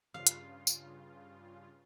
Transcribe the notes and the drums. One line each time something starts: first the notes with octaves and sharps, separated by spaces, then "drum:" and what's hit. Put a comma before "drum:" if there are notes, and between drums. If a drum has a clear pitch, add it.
G2 C#3 F4 F5
drum: hi-hat
drum: tambourine